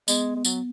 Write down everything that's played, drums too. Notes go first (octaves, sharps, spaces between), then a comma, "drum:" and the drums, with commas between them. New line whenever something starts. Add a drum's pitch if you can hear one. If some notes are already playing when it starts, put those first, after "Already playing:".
G#3 B3, drum: tambourine
G#3
F#3, drum: tambourine